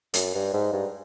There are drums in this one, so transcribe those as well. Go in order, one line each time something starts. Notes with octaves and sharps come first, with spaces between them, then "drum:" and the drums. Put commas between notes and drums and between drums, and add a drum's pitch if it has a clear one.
F#2, drum: hi-hat
G2
G#2
G2